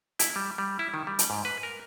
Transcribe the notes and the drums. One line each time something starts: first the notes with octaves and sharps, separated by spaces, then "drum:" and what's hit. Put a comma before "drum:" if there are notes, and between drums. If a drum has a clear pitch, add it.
E4, drum: hi-hat
G3
G3
E4
D#3
G3
drum: hi-hat
G#2
B4
A#4